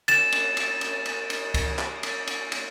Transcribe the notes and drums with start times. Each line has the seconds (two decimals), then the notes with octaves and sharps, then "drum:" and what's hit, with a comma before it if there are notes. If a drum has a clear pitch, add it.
0.08 A6 E7, drum: cymbal
0.32 drum: cymbal
0.57 drum: cymbal
0.81 drum: cymbal
1.06 drum: cymbal
1.30 drum: cymbal
1.54 drum: kick C#2, cymbal
1.79 drum: clap
2.03 drum: cymbal
2.27 drum: cymbal
2.52 drum: cymbal